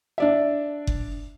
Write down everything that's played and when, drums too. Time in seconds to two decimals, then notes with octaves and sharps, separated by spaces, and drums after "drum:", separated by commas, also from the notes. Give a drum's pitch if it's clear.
0.18 D4 D5 E5
0.87 drum: kick F#1